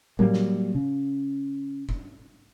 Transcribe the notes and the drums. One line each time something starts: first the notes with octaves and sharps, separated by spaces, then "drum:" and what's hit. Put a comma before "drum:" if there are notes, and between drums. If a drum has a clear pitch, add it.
F#3 G3 A#3, drum: tom A2
drum: snare
C#3
drum: kick